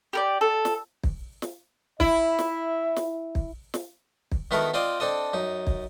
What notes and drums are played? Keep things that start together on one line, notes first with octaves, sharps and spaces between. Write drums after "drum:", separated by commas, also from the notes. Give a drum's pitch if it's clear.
G4 A#4 D5
A4
drum: snare
drum: kick
drum: snare
E4 E5, drum: kick
drum: snare
drum: snare
drum: kick
drum: snare
drum: kick
D#3 B3 E4 F#4 A4 A#4
C4 F4 C5 D5 D#5
C4 D4 A4 D#5
F#2 D#4
drum: kick